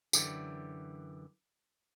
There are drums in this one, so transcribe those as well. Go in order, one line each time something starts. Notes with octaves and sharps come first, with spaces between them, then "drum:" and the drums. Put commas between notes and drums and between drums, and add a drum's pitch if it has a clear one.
F#2 D3 E3 G4, drum: tambourine